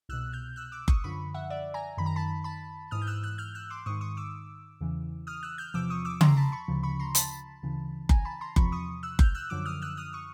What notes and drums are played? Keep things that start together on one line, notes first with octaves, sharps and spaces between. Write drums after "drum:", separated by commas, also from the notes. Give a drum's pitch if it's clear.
C2 B2 E6 F#6
F6 G6
E6 F#6
D6 E6
C#6 D#6, drum: kick F#1
F#2 D3 F3 B5 C#6
E5 F#5
D5 E5
G#5 A#5
F#2 D#3 B5
A#5
A5 B5
A5 B5
G#2 E3 D#6 F6
G6
E6 F#6
E6 F#6
F6 G6
E6 F#6
C6 D6
G#2 D#3 C#6 D#6
C#6 D#6
D6 E6
E2 C#3 E3
D#6 F6
E6 F#6
F6 G6
E2 C3 F3 D6 E6
C#6 D#6
D6 E6
A#5 C6, drum: tom C#3
A5 B5
B5 C#6
D2 C#3 F3
B5 C#6
A#5 C6
A5 B5, drum: hi-hat
D2 C#3 E3
G#5 A#5, drum: kick F#1
A5 B5
A#5 C6
E2 C3 F3 B5 C#6, drum: kick F#1
C#6 D#6
E6 F#6
F6 G6, drum: kick F#1
E6 F#6
F#2 D3 F3 D6 E6
D#6 F6
E6 F#6
D#6 F6
C#6 D#6